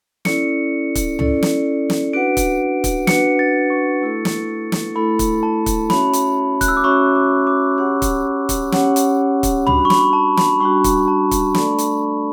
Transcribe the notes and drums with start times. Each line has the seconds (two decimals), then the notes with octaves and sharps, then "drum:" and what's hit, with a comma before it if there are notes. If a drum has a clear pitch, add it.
0.25 C#4 E4 A4 D5 C#7, drum: snare
0.95 drum: kick, hi-hat
1.19 C#4 E4 A4 D5, drum: tom C#2
1.42 drum: snare
1.90 drum: snare
2.13 D4 F#4 B4 F#5 D7
2.37 drum: kick, hi-hat
2.84 drum: kick, hi-hat
3.07 D4 F#4 B4 F#5 C#7, drum: snare
3.39 A6
3.70 C#6
4.02 A3 E4 A4
4.25 drum: snare
4.72 drum: snare
4.96 A3 E4 A4 B5
5.19 drum: kick, hi-hat
5.43 A5
5.66 drum: kick, hi-hat
5.90 C#4 F#4 C#5 E5 B5, drum: snare
6.13 drum: hi-hat
6.61 F#6, drum: kick, hi-hat
6.68 E6
6.77 D6
6.84 C#4 F#4 C#5 E5 C#6
7.15 D6
7.47 D6
7.78 C#4 G4 C#5 F#5
8.02 drum: kick, hi-hat
8.49 drum: kick, hi-hat
8.72 C#4 G4 C#5 F#5, drum: snare
8.96 drum: hi-hat
9.43 drum: kick, hi-hat
9.67 G3 D4 F#4 B5, drum: tom C#2
9.85 C#6
9.90 B5, drum: snare
10.13 A5
10.37 B5, drum: snare
10.60 G3 D4 F#4 C#6
10.84 drum: kick, hi-hat
11.08 A5
11.31 drum: kick, hi-hat
11.54 A3 D4 A4 D5 B5, drum: snare
11.78 drum: hi-hat